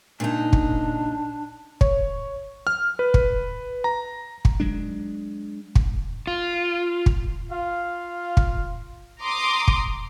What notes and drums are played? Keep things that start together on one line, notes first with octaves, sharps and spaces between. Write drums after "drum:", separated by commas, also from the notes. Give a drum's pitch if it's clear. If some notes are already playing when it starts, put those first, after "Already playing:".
A#2 C#3 D4 D#4
drum: kick
C#5, drum: kick
F6
B4
drum: kick
A#5
drum: kick
F#3 G#3 D4
drum: kick
F4
drum: kick
F4 F5
drum: kick
A#5 C6 D6 D#6
drum: kick